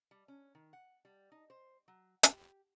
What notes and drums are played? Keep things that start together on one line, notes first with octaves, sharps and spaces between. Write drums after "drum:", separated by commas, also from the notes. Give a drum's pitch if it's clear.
G3
C#4
D#3
F#5
G3
D#4
C5
F#3
G4, drum: hi-hat